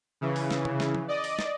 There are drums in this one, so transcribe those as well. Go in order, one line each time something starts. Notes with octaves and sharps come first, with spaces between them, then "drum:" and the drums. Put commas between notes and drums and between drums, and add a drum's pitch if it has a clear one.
C#3 E3
drum: open hi-hat
drum: snare
drum: tom C3
drum: snare
drum: tom F3
D5 D#5
drum: open hi-hat
drum: snare